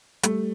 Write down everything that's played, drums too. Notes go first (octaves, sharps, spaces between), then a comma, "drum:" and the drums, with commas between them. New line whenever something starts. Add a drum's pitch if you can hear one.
G3 A3, drum: hi-hat